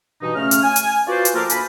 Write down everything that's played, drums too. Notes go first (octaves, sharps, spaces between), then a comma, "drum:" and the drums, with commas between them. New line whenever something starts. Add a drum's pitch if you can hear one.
G2 B2 E3 D#4
C#3 A3 C#4 F6
drum: hi-hat
G#5
drum: hi-hat
F4 F#4 B4 C5 D5
drum: hi-hat
F3 A#3 F4 G4 A4 A#4
D2 G#5 A5 B5, drum: hi-hat